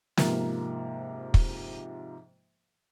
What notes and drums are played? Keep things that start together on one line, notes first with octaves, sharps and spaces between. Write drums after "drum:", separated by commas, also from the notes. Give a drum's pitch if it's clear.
G#2 C3 F3 A#3, drum: snare
drum: kick